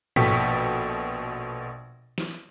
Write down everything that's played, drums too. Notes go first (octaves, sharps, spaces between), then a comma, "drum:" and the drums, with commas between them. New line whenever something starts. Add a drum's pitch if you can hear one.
A#1 B2 A4 G5 C#6 B6, drum: tom
drum: snare